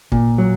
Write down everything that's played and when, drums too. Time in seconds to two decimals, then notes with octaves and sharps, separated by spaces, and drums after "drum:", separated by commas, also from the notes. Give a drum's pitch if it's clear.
0.12 A#2, drum: kick
0.38 F#3